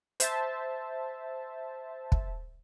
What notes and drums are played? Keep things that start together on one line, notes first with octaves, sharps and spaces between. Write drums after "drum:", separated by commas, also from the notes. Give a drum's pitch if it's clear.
C5 E5 A5, drum: hi-hat
drum: kick